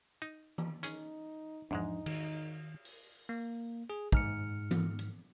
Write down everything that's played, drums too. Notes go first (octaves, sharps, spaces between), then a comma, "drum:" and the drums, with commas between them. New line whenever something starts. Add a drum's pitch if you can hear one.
D#4
drum: tom E3
C#4 D#4 G#4, drum: hi-hat
E2 G#2 F3 G#3 D4 D#4
D#3, drum: cymbal
drum: open hi-hat
A#3
G#4
G#2 F6 C#7, drum: kick
drum: tom E3
drum: hi-hat